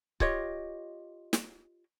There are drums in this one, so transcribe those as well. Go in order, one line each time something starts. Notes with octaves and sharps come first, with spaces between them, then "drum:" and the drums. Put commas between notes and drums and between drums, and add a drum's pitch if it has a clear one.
F4 G4 C#5 D#5, drum: kick C#1
drum: snare